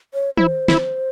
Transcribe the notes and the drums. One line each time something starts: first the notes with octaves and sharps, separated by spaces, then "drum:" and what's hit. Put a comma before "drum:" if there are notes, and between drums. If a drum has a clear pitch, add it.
C#5
E4 C5, drum: tom
E4, drum: snare